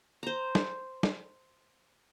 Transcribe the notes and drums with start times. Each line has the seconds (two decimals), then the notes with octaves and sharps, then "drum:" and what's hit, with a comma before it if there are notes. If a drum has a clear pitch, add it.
0.23 C5 A#5
0.55 drum: snare
1.03 drum: snare